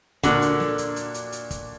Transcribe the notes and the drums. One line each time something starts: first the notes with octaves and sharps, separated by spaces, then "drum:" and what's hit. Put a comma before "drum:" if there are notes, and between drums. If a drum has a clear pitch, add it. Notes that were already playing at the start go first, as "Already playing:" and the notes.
A#2 D3 A#3 D4 F#4, drum: kick, hi-hat
drum: hi-hat
drum: snare
drum: hi-hat
drum: hi-hat
drum: hi-hat
drum: hi-hat
drum: kick, hi-hat